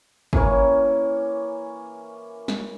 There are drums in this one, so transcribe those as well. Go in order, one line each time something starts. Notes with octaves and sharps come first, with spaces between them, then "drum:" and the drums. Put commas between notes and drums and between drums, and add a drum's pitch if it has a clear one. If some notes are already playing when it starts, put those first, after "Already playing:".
E3 A#3 C#4 C#5, drum: kick
drum: snare